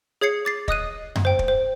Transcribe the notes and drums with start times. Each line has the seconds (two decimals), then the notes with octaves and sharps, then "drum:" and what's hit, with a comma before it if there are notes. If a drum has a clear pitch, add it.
0.21 G#4 C#5 G#6 C7 C#7
0.45 D6 A6 C7
0.68 D#5 D#6 F#6 D#7, drum: kick
1.16 drum: tom F#2
1.25 C5 G5
1.39 drum: kick
1.48 C5